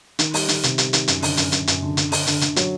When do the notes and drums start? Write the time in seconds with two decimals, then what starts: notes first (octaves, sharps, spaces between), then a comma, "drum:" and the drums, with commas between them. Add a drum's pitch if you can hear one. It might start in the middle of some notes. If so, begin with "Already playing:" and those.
0.19 D#3, drum: hi-hat
0.34 G3, drum: open hi-hat
0.48 D#3, drum: hi-hat
0.63 C3, drum: hi-hat
0.78 G3, drum: hi-hat
0.93 D#3, drum: hi-hat
1.08 F#2, drum: hi-hat
1.23 D3, drum: open hi-hat
1.37 F#2, drum: hi-hat
1.52 F#2, drum: hi-hat
1.67 F#2, drum: hi-hat
1.82 D3
1.97 D3, drum: hi-hat
2.12 D3, drum: open hi-hat
2.27 D3, drum: hi-hat
2.41 D3, drum: hi-hat
2.56 F#3, drum: hi-hat